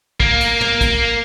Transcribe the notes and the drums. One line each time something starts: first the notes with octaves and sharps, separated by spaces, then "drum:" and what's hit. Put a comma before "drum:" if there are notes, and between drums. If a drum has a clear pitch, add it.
A#3, drum: kick
drum: hi-hat
drum: tom
drum: kick, hi-hat